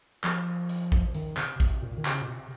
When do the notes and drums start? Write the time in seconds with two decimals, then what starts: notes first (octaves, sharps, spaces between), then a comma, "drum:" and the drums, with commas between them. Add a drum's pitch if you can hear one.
0.24 F3, drum: clap
0.69 drum: hi-hat
0.92 drum: kick A1
1.15 D#3, drum: hi-hat
1.37 C3, drum: clap
1.60 C3, drum: kick A1, hi-hat
1.82 A#2
1.98 D#3
2.05 C#3, drum: clap
2.21 A#2
2.28 C3